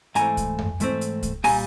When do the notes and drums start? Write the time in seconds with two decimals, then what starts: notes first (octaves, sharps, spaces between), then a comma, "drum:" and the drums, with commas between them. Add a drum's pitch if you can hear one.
0.15 G#2 E3 A3 C4 G#5 A#5, drum: hi-hat
0.37 drum: kick C2, hi-hat
0.58 drum: tom F2
0.80 G#2 E3 A3 C4, drum: hi-hat
1.01 drum: hi-hat
1.23 drum: kick C2, hi-hat
1.44 A#2 G3 B3 G#5 A#5, drum: open hi-hat